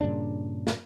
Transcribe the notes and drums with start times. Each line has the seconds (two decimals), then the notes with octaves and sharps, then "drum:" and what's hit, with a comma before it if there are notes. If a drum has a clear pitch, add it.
0.01 G2 A#2 C#3 D4
0.67 drum: snare